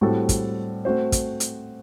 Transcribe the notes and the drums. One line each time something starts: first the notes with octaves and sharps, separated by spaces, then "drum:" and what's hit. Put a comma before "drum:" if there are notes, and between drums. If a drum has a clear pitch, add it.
A2 G3 C4 F#4 A4
drum: kick, hi-hat
A3 C4 F#4 C5
drum: kick, hi-hat
drum: hi-hat